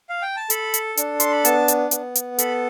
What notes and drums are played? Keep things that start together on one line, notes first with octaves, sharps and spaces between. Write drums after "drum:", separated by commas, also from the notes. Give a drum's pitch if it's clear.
F5
G5
A5
A4 B5, drum: hi-hat
drum: hi-hat
D4, drum: hi-hat
C6, drum: hi-hat
B5
B3 A5, drum: hi-hat
drum: hi-hat
B3, drum: hi-hat
drum: hi-hat
A4 B5, drum: hi-hat